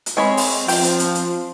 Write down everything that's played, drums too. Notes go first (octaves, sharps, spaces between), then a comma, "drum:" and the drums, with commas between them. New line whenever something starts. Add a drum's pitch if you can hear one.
drum: hi-hat
G#3 C4 C#5 B5
drum: open hi-hat
F3 G5, drum: open hi-hat
drum: hi-hat
drum: hi-hat
drum: hi-hat